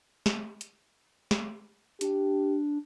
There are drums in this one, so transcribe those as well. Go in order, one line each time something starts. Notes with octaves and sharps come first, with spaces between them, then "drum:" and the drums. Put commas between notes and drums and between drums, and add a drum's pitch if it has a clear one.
drum: snare
drum: hi-hat
drum: snare
D4 G4, drum: hi-hat